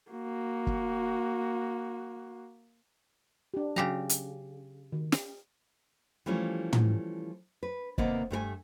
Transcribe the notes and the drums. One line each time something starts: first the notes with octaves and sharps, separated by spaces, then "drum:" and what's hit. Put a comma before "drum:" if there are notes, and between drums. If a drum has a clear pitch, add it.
A#3 F#4
drum: kick
D4 G4
C#3 F#3 G4 A#5
drum: hi-hat
D#3
drum: snare
E3 F3 G3 A3 C#4
drum: tom
B4
D#2 C3 A#3 B3 D5 D#5, drum: kick
G2 A3 A#4 G#5